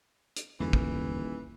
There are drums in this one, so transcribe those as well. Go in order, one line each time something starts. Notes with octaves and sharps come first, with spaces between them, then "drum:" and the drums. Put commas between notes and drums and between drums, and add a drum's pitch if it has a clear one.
drum: hi-hat
D#1 E2 G2 D3 E3
drum: kick